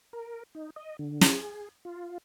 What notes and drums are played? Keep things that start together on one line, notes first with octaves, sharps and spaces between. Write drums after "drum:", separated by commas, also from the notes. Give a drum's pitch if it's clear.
A#4
D#4
D#5
D3
drum: snare
G#4
F4